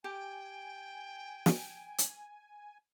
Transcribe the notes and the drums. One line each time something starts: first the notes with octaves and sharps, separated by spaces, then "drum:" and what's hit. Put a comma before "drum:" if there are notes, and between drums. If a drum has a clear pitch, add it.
G4 G5 G#5
drum: snare
drum: hi-hat